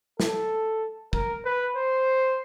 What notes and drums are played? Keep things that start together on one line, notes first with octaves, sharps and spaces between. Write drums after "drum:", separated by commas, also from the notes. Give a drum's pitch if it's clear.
A4, drum: snare
A#4, drum: kick
B4
C5